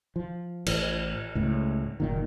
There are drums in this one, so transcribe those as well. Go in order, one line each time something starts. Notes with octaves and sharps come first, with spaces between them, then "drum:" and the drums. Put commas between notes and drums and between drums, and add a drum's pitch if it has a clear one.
F3
A1, drum: cymbal
C#2 A2
F#1 A#2 D#3